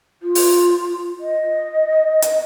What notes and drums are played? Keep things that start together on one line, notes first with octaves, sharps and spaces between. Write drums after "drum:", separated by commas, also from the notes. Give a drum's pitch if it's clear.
F4
drum: open hi-hat
D#5
drum: hi-hat